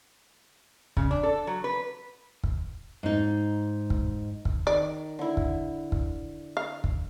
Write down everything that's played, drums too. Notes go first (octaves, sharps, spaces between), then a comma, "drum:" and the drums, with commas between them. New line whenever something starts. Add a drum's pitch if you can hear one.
C#3, drum: kick
D4
A4
F#3
B4
drum: kick
G#2 D#4
drum: kick
drum: kick
D#3 D5
D3 E4
drum: kick
drum: kick
F5
drum: kick